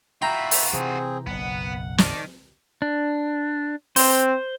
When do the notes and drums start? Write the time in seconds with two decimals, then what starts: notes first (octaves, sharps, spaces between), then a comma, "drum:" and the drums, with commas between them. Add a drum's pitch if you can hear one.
0.22 F4 F#4 E5 G5 A#5 B5
0.51 drum: open hi-hat
0.73 C3 E3 C4 G#4
1.27 F#1 B1 B3 F#5
1.98 D#3 D5 A5, drum: snare
2.82 D4
3.96 C4 C5, drum: open hi-hat